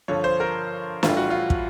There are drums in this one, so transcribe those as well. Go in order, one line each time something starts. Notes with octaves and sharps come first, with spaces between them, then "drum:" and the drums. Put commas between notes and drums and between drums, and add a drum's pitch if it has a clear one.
G2 D3 F3 C#5
C5
A#4
A2 E3 G3 F4, drum: snare
F#4
F4
drum: kick